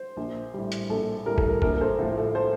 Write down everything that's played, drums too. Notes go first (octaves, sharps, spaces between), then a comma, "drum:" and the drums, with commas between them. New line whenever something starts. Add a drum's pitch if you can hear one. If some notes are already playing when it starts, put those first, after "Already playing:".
Already playing: C5
A#1
A2 G3
drum: hi-hat
A#1 A4
A2 G3 A#4
A4, drum: kick
A#4
A#1 A#4, drum: kick
A#4
A4 C5
A2 F3 A3
A4
A4 C5